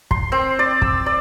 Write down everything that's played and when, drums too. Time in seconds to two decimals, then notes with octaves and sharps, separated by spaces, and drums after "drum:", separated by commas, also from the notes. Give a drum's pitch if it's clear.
0.11 C6, drum: kick
0.32 C4
0.59 D5
0.82 E6, drum: kick
1.06 D5